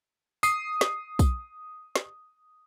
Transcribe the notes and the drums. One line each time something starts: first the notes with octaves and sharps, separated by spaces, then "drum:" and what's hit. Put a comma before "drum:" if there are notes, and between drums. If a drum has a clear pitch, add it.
D#6 C7, drum: tambourine
drum: snare
drum: kick B1, tambourine
drum: snare